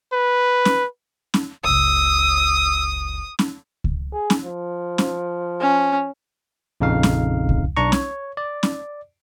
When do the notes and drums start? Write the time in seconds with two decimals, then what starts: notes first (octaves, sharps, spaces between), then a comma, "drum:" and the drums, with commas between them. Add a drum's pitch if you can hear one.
0.13 B4
0.65 drum: snare C#4
1.34 drum: snare C#4
1.64 F#1 C#2 D#6 E6
3.39 drum: snare C#4
3.84 drum: kick C#2
4.13 G#4
4.30 drum: snare C#4
4.44 F3
4.98 drum: snare C#4
5.61 C#4
6.80 A#1 F2 C#3 D#4 F5
7.03 drum: snare C#4
7.49 drum: kick C#2
7.77 B1 D4 A#5 C#6
7.92 C#5, drum: snare C#4
8.37 D5
8.63 drum: snare C#4